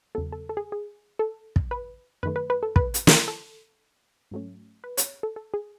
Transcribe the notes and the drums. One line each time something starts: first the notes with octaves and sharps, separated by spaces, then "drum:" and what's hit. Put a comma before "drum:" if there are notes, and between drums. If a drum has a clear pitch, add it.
E2 C#3 F#3 B3 A4
A4
A4
G#4
G#4
A4
drum: kick
B4
F#2 D#3 A3 B4
B4
B4
A4
B4, drum: kick
drum: hi-hat
drum: snare
A4
G#2 F#3 A3 C#4
B4
C#5, drum: hi-hat
A4
A4
G#4